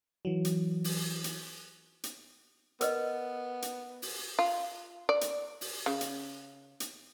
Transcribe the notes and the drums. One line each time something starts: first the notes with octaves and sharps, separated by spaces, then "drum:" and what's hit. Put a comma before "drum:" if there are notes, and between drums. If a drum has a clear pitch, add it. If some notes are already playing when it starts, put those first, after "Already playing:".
E3 F#3
drum: hi-hat
drum: open hi-hat
drum: hi-hat
drum: hi-hat
B3 A#4 B4 D#5, drum: hi-hat
drum: hi-hat
drum: open hi-hat
F4
D5
drum: hi-hat
drum: open hi-hat
C#3
drum: hi-hat
drum: hi-hat